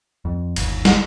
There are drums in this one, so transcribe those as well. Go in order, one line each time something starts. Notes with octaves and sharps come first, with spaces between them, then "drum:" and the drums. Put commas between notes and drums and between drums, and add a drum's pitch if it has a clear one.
F2
G1 D#2, drum: cymbal
drum: snare